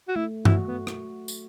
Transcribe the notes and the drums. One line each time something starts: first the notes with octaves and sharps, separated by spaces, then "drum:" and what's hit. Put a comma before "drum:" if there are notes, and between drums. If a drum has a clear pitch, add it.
F#4
A3 E4
E4 F#4, drum: tom G2
B3
drum: rim click
drum: tambourine